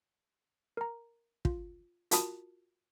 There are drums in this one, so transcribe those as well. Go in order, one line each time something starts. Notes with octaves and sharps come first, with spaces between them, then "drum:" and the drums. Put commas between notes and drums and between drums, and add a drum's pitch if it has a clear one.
A#4 A#5
F4, drum: kick
F4 F#4 A#4 A5 B5 D#6, drum: hi-hat